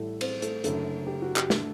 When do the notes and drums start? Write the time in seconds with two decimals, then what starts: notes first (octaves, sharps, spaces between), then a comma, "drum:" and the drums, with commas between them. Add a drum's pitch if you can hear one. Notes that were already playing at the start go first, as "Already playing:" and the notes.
Already playing: A1 A2 G3 A3 A4
0.21 C4 C5, drum: cymbal
0.42 A3 A4, drum: hi-hat
0.64 F#1 F#2 D3 A3 A4, drum: hi-hat
1.07 G4
1.22 F#4
1.36 G4, drum: clap
1.50 D3 A3 A4, drum: snare